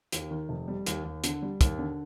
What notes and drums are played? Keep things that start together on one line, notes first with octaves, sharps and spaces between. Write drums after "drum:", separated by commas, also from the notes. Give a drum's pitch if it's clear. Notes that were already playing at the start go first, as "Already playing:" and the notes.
D#2, drum: hi-hat
D#3
F1
G3
D#2, drum: hi-hat
D#2
D3, drum: hi-hat
G3
D#2, drum: kick, hi-hat
D3